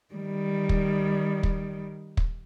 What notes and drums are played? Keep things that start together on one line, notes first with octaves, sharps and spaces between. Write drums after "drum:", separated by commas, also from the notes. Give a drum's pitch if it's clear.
D#3 G3
drum: kick
drum: kick
drum: kick